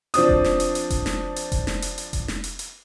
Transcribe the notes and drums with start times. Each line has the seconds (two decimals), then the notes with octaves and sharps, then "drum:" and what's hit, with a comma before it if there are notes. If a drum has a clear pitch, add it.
0.14 F3 C4 D4 D#6, drum: hi-hat
0.29 drum: kick F1
0.44 drum: snare
0.60 drum: hi-hat
0.75 drum: hi-hat
0.90 drum: kick F1, hi-hat
1.06 drum: snare
1.36 drum: hi-hat
1.52 drum: kick F1, hi-hat
1.67 drum: snare
1.82 drum: hi-hat
1.98 drum: hi-hat
2.13 drum: kick F1, hi-hat
2.28 drum: snare
2.44 drum: hi-hat
2.59 drum: hi-hat